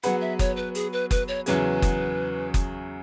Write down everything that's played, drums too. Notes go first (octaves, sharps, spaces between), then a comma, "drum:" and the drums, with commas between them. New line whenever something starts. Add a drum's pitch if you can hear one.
F#3 B3 G#4 B4 F#5, drum: hi-hat
E5
C#5, drum: kick F#1, hi-hat
B4
G#4, drum: hi-hat
B4
B4, drum: kick F#1, hi-hat
C#5
E2 C#3 F#3 C#4 G#4 B4, drum: hi-hat
drum: kick F#1, hi-hat
drum: kick F#1, hi-hat